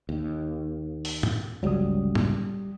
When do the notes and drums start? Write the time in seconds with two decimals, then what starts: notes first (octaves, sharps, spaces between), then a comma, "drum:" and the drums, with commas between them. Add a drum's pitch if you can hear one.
0.09 D#2
1.05 drum: open hi-hat
1.23 drum: tom
1.63 G1 C#2 F#3 G3 G4 D#6
2.15 drum: tom